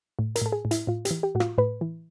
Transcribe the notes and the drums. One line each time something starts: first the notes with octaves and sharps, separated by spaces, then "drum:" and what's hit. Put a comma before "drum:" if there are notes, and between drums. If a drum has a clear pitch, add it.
A2
A#4, drum: hi-hat
A2 A4
G#4
A2
E4, drum: hi-hat
A2 F4
G4, drum: hi-hat
E3
G4
A2 F#4
F4, drum: rim click
A2 B4
E3